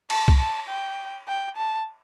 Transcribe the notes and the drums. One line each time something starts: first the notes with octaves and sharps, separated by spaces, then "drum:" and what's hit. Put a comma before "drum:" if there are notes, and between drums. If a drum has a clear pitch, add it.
A5, drum: cymbal
drum: kick
A5
G5
G5
A5